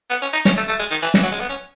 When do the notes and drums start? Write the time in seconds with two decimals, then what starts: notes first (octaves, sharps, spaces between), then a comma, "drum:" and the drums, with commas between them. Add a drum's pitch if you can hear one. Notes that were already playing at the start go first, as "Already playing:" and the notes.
0.10 B3
0.22 C#4
0.33 D#4
0.45 C#4, drum: snare
0.57 A3
0.68 A3
0.79 G#3
0.91 D#3
1.02 E3
1.14 E3, drum: snare
1.23 F#3
1.32 G#3
1.40 B3
1.49 C#4